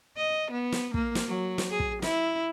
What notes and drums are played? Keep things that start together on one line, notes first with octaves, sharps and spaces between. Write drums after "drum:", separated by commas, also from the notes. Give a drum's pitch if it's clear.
D#5
B3
drum: snare
A#3, drum: kick
drum: snare
F#3
drum: snare
G#4
drum: kick
E4, drum: snare